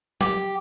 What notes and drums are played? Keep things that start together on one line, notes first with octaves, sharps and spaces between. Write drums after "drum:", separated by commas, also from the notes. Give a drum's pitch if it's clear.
G4, drum: tom F#3